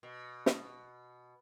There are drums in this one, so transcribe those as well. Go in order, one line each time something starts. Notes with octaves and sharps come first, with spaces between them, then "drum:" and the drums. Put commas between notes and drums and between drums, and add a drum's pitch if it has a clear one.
B2
drum: snare